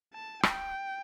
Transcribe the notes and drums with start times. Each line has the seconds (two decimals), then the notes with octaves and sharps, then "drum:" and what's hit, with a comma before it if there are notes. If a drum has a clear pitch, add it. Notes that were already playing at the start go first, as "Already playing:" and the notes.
0.14 A5
0.43 G5, drum: rim click